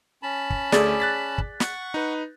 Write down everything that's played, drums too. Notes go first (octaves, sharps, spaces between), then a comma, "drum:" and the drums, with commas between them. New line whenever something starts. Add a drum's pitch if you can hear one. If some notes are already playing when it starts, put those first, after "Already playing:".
C#4 A5 B5
drum: kick
D2 A3 G#4 D5, drum: snare
F#6 A6 B6
drum: kick
F#5 C#6, drum: snare
D#4 B4